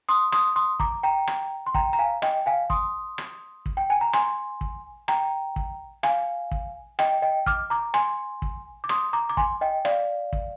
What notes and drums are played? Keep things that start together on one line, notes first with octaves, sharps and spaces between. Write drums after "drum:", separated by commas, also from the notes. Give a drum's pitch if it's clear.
C6 D#6
C6 D#6, drum: rim click
C6 D#6
A#5 D6, drum: kick
G5 A#5
drum: rim click
C6
G5 A#5, drum: kick
A#5
F5 G#5
D#5 G5, drum: rim click
F5 G#5
C6 D#6, drum: kick
drum: rim click
drum: kick
G5
G#5
A#5
G#5 C6, drum: rim click
drum: kick
G5 A#5, drum: rim click
drum: kick
F5 G#5, drum: rim click
drum: kick
D#5 G5, drum: rim click
D#5 G5
D6 F6, drum: kick
A#5 D6
G#5 C6, drum: rim click
drum: kick
D6
C6 D#6, drum: rim click
A#5 D6
D6
G#5 C6, drum: kick
D#5 G5
D5 F5, drum: rim click
drum: kick